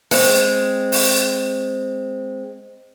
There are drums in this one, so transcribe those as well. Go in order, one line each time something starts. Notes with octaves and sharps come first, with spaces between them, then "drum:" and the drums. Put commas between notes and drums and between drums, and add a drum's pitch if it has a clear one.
G#3 C4, drum: open hi-hat
drum: open hi-hat